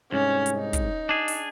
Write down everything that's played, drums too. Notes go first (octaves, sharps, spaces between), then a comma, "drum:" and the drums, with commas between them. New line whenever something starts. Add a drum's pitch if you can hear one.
C2 G#2 C#4
drum: hi-hat
D#4
drum: kick, hi-hat
D4 G#4
drum: open hi-hat